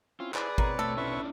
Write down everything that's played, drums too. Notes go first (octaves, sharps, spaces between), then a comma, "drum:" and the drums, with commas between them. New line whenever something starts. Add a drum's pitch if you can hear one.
C4 C#4 E4 F4
E4 G#4 B4 D5, drum: clap
B2 A#3 C4 C#5, drum: kick G#1
A3 A4
C#4 D4 E4 B4 E5 C#6